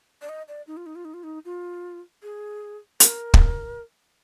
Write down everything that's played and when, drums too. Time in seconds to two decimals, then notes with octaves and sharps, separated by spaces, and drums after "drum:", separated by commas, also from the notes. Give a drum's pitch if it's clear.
0.22 D5
0.29 D#5
0.48 D5
0.67 D#4
0.77 F4
0.86 D#4
0.95 F4
1.05 D#4
1.14 F4
1.24 D#4
1.45 F4
2.23 G#4
3.00 A#4, drum: hi-hat
3.34 drum: kick